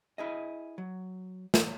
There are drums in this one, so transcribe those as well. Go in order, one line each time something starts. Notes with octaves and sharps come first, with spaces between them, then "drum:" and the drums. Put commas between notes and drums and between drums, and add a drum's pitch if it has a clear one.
E4 G#4 D#5
F#3
drum: snare